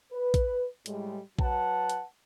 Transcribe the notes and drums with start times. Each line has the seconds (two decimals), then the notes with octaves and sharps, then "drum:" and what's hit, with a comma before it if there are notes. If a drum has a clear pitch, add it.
0.12 B4
0.34 drum: kick A#1, hi-hat
0.86 A2 G3 G#3, drum: hi-hat
1.39 F#3 B4 F#5 A5, drum: kick A#1
1.89 drum: hi-hat